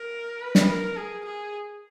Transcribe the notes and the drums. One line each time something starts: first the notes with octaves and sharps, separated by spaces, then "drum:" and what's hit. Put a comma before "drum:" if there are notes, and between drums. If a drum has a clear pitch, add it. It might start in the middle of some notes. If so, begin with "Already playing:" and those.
Already playing: A#4
B4
drum: snare
A#4
G#4
G#4